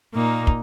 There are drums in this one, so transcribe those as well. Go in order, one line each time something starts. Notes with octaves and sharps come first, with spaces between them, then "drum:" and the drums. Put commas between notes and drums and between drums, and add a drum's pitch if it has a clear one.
A#2 A#3 D#4
drum: kick